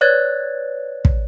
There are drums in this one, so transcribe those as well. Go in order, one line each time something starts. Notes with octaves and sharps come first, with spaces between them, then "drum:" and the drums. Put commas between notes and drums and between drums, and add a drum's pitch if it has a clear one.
B4 C#5 D5 F#6 G#6 A6
drum: kick